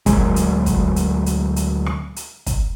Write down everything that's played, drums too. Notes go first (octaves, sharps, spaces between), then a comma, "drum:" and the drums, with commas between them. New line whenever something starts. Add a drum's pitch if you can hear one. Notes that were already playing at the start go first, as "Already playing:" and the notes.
D2 A#2 F#3 G#3, drum: kick, hi-hat
drum: hi-hat
drum: kick, hi-hat
drum: hi-hat
drum: hi-hat
drum: hi-hat
drum: rim click
drum: hi-hat
drum: kick, hi-hat